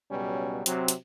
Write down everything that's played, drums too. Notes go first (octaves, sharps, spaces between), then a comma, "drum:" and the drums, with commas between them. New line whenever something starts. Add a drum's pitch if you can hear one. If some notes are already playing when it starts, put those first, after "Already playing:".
C#2 B2 F#3 G3 C#4
C3 F#3 C4, drum: hi-hat
drum: hi-hat